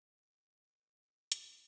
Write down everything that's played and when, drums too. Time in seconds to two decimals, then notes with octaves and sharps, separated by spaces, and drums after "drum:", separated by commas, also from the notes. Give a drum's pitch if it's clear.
0.17 F2 F4 G4
0.64 G#1 A#4 C5 D5 F#5 G5
1.02 D4 G#4 D5
1.32 G#3 A3 E4 A4 B4 D5, drum: hi-hat